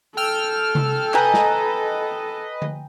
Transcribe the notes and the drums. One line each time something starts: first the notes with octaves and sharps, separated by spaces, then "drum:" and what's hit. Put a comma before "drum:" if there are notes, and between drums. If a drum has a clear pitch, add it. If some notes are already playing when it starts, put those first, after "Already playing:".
A4 G5 E6 F6
drum: tom C3
B4 D#5 G5 G#5 A#5, drum: clap
drum: snare
drum: tom D3